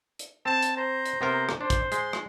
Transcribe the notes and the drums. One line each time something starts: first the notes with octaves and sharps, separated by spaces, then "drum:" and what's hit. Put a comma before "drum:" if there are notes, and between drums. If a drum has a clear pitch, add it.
drum: hi-hat
C4 A5
drum: hi-hat
C5 A#5
drum: hi-hat
C3 B3 A#4 C5
drum: rim click
D4 C5
drum: kick, hi-hat
G#3 C6, drum: hi-hat
drum: rim click